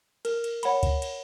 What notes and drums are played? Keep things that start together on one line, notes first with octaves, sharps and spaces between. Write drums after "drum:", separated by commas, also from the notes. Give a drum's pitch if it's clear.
A#4, drum: cymbal
drum: cymbal
C#5 F#5 B5, drum: cymbal
drum: kick, cymbal
drum: cymbal